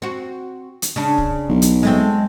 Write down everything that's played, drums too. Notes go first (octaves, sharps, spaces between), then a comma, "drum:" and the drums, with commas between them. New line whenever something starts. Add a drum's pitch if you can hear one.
C4 F#4
drum: hi-hat
C#3 D4
drum: kick
B1
drum: hi-hat
G#3 A3 C4